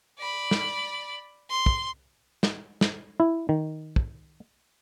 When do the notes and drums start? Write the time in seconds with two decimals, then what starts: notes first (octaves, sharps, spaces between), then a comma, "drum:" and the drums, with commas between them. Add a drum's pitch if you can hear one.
0.18 D5 B5
0.51 drum: snare
1.50 C6
1.66 drum: kick
2.43 drum: snare
2.81 drum: snare
3.20 E4
3.49 D#3
3.96 drum: kick